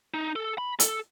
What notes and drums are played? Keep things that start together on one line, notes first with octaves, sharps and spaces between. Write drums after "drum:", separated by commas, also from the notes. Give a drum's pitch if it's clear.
D#4
A4
B5
A4, drum: hi-hat